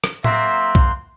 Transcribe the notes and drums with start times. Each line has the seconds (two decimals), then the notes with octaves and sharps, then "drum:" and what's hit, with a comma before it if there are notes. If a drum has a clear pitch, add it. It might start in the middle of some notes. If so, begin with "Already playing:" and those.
0.04 drum: rim click
0.24 F#3 A#3 C4 E5 C6, drum: tom A2
0.75 drum: kick B1